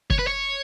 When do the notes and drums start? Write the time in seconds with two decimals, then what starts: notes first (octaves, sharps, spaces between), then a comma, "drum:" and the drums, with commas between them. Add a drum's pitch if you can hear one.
0.10 C#5, drum: kick
0.19 B4
0.27 C#5